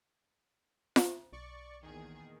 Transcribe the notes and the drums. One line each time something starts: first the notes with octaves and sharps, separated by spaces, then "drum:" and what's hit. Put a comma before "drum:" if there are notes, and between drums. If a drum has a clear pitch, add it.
drum: snare F4
B1 D5 C#6
E2 A#2 D#3 G#4